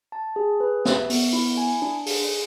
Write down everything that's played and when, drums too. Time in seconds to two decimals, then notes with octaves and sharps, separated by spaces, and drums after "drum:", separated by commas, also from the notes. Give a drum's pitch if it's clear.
0.12 A5
0.36 G#4
0.60 B4
0.85 E5, drum: snare
1.10 B3, drum: open hi-hat
1.33 E4
1.57 G#5
1.82 D4
2.06 G#4, drum: open hi-hat